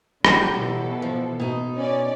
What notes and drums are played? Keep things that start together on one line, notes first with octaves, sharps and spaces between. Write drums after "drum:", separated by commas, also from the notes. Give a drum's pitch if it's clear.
D3 F#3 G4 G6, drum: rim click
B2 E3 A4
F3
B2 D#4
C#4 D5